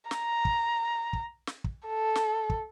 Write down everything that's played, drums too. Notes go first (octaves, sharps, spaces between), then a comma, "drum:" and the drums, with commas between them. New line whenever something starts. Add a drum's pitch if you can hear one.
A#5, drum: snare
drum: kick
drum: kick
drum: snare
drum: kick
A4
drum: snare
drum: kick